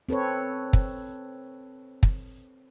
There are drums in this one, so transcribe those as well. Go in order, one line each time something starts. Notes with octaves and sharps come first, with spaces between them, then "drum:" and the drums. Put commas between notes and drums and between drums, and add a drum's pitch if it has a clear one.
C4 A4 B4 C#5
drum: kick
drum: kick